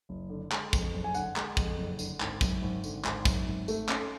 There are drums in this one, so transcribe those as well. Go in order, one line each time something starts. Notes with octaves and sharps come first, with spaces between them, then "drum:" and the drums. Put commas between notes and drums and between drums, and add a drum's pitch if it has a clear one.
F#1
D3
G#3, drum: clap
F2, drum: kick, tambourine
F#1
G#5
D3 F#5, drum: tambourine
G#3, drum: clap
F2, drum: kick, tambourine
F#1
D3, drum: tambourine
G#1, drum: clap
F#2, drum: kick, tambourine
G#1
D3, drum: tambourine
G#1, drum: clap
F#2, drum: kick, tambourine
G#1
A3, drum: tambourine
C#4, drum: clap